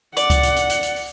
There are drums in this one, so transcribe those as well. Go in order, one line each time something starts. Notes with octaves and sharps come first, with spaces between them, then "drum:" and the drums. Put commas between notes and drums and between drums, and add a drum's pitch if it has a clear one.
D5 F#5, drum: hi-hat
drum: kick C#2, hi-hat
drum: hi-hat
drum: hi-hat
drum: hi-hat
drum: hi-hat
drum: open hi-hat